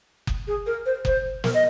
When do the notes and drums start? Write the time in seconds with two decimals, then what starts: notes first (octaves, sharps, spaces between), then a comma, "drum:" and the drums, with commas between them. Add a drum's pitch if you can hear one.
0.27 drum: kick F#1
0.47 G#4
0.66 A#4
0.86 C5
1.05 C5, drum: kick F#1
1.44 A#4, drum: snare
1.54 D#5